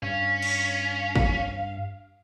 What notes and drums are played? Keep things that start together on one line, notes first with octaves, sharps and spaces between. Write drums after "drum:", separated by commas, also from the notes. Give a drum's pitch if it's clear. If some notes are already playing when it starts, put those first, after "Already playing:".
G2 C#4 F5
drum: cymbal
drum: kick G#1